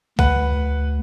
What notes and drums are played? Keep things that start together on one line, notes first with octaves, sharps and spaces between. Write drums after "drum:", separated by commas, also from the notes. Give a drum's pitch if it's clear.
D2 B4 F#5, drum: kick B1